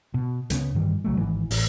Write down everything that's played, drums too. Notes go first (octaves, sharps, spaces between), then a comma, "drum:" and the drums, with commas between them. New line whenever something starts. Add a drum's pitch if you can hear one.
B2
C#2 C#3 B3 C#4, drum: hi-hat
G2 D#3 E3 G3
C2 F#3 A3
G#1 G#2 E3
A1, drum: open hi-hat